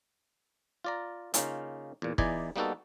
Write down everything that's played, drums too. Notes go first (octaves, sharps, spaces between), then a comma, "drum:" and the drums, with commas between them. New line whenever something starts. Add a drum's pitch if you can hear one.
F4 D5 A#5
C#3 A#3 C#4 D#4 F4, drum: hi-hat
E2 A#2
E2 E3 D#4 D5 D#5 G#5, drum: kick
G3 A#3 B3 D#4 F#4 A4